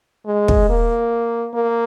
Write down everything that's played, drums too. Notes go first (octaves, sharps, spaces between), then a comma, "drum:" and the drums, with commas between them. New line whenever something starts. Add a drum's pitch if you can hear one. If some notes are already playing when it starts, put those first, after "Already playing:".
G#3
drum: kick
A#3
A#3